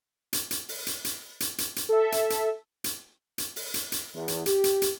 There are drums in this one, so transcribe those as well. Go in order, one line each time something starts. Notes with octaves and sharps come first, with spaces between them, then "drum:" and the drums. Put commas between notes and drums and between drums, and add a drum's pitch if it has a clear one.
drum: hi-hat
drum: hi-hat
drum: open hi-hat
drum: hi-hat
drum: hi-hat
drum: hi-hat
drum: hi-hat
drum: hi-hat
A4 E5
drum: hi-hat
drum: hi-hat
drum: hi-hat
drum: hi-hat
drum: open hi-hat
drum: hi-hat
drum: hi-hat
E2
drum: hi-hat
G4, drum: hi-hat
drum: hi-hat
drum: hi-hat